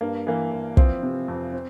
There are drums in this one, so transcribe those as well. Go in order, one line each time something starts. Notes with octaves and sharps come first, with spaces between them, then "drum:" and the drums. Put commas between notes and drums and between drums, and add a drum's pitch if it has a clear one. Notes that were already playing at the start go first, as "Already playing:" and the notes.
G2 A#3
E3 A#3
E3
F3 C4, drum: kick
C3
F2
C4